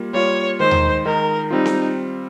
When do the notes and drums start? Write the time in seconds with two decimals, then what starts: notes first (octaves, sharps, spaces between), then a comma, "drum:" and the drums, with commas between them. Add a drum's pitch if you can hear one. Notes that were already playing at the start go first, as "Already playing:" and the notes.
Already playing: G3 A#3 F4
0.14 G3 A#3 F4 C#5
0.60 D#3 G#3 D#4 C5
0.71 drum: tom D#2
1.05 D#3 G#3 D#4 A#4
1.51 G3 C4 D#4 F4
1.66 drum: snare C4